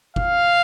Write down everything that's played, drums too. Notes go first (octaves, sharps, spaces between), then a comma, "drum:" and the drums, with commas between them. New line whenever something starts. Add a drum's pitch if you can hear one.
F5, drum: kick F#1